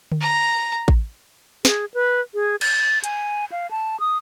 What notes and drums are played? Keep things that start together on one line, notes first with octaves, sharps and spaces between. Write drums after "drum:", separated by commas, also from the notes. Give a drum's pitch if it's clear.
drum: tom D3
A#5
drum: kick A1
G#4, drum: snare
B4
G#4
A6, drum: cymbal
G#5, drum: hi-hat
F5
A5
D#6